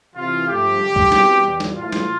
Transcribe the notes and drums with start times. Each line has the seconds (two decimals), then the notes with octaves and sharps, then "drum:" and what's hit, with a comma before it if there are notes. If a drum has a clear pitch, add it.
0.16 C2 C3 E3 F4
0.47 G2 F3 A3 G4
0.80 G2 D3 G3
0.96 drum: kick
1.12 C2 B2 G3, drum: snare
1.44 E2 B2 G3
1.60 drum: snare
1.76 A2 E3 A3 F4
1.92 drum: snare